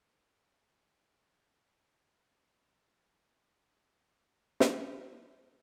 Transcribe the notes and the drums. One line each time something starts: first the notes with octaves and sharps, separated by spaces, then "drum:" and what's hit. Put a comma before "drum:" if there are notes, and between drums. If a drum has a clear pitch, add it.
F4
D#3
F4
A4
F4
G#5
A1
G#3
G2
A#2
D5
D#5
A3 A#3 C#4 D#4 G4
drum: snare